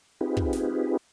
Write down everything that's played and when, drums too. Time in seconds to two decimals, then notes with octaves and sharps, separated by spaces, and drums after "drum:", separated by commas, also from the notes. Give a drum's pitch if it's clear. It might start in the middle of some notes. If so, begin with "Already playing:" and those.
0.21 C4 D#4 F4 G4 G#4 B4
0.37 drum: kick
0.53 drum: snare